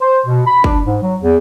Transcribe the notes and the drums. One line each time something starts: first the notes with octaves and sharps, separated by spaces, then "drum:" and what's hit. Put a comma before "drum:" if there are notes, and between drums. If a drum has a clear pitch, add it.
C5
B2
B5
D4, drum: kick
G#2
F#3
E2